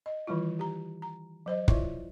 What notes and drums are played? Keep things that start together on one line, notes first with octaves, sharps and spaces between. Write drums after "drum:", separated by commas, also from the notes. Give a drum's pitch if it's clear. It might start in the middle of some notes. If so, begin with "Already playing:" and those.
D#5
D#3 E3 G3 E4 F4
G4 A#5
A#5
F#3 C5 D#5
E4 F4 C#5 D5 E5, drum: kick